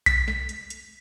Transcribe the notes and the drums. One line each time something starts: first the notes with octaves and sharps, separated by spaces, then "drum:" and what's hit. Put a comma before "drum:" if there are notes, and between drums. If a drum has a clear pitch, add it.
B6, drum: kick B1, hi-hat
drum: snare
drum: hi-hat
drum: hi-hat